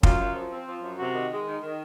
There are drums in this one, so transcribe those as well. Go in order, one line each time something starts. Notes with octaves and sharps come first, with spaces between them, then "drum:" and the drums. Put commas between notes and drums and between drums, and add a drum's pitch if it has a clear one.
F#2 F4, drum: kick
F#2
F3
C4
F3
F#2
C3 F#4
D#3
G#3
D#3
D#3